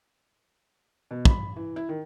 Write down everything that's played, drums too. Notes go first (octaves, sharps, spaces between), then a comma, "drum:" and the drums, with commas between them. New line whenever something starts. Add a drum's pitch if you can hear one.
B2
B5, drum: kick
E3
E4
D#3